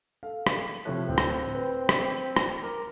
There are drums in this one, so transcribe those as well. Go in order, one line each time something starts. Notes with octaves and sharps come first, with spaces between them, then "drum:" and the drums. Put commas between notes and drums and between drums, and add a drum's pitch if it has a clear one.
A4 F5
drum: rim click
A2 C3 F3 F#6
D1 C4
drum: rim click
B4
drum: rim click
drum: rim click
A#4 D6